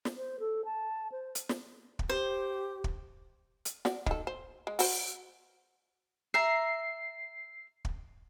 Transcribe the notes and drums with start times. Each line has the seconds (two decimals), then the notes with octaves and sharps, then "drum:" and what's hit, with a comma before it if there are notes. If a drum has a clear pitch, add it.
0.05 drum: snare
0.17 C5
0.40 A4
0.65 A5
1.12 C5
1.35 drum: hi-hat
1.49 drum: snare
1.99 drum: kick
2.09 G4 C5
2.84 drum: kick
3.65 drum: hi-hat
3.85 F#4 D5, drum: snare
4.06 D#3 A4, drum: kick
4.27 C5
4.67 G#3
4.79 F#4 C5, drum: open hi-hat
6.34 E5 A#5 C7
7.85 drum: kick